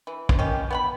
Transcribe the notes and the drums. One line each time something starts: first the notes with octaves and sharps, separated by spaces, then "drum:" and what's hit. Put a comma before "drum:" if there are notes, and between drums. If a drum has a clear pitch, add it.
E3
drum: kick
D#3 C#4 G4
B3 F#5 B5